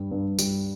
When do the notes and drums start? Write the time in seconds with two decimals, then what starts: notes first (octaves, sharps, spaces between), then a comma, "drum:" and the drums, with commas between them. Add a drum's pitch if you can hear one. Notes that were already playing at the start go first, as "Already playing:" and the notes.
Already playing: G2 G3
0.11 G2
0.39 G3, drum: tambourine